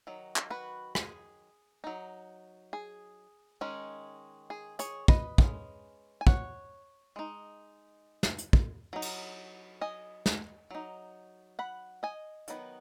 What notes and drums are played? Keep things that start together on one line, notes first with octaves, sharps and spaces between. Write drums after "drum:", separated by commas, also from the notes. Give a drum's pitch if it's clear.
D#3 F#3
drum: clap
F#4 B4
G#4, drum: rim click
F#3 D#4
G#4
D#3 G#3 C#4
G#4
G#4 C#5, drum: hi-hat
B4 D#5, drum: kick
G#3 C#4, drum: kick
G#5
C#5 F#5, drum: kick
G#3 D#4
drum: snare
drum: hi-hat
drum: kick
F#3 D#4
drum: cymbal
D#5 G#5
drum: snare
F#3 D#4
F#5 B5
D#5 G#5
D#3 F#3 B3 D#4, drum: hi-hat